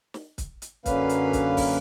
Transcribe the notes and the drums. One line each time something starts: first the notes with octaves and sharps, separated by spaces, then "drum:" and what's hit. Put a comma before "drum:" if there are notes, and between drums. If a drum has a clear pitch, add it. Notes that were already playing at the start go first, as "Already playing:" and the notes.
drum: snare
drum: kick, hi-hat
drum: hi-hat
F#2 D3 A#3 C#4 B4 F5, drum: kick, hi-hat
drum: hi-hat
drum: kick, hi-hat
drum: kick, open hi-hat